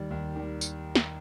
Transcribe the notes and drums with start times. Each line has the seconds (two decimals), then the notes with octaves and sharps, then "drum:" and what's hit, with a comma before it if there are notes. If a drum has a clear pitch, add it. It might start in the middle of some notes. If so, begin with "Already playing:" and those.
Already playing: D#2 D#3 G3
0.11 D#2
0.36 D#3 G3
0.61 drum: tambourine
0.95 drum: snare